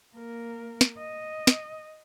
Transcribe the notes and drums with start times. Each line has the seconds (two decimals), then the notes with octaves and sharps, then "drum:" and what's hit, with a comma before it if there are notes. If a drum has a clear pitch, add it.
0.15 A#3 A#4
0.81 drum: snare
0.97 D#5
1.47 drum: snare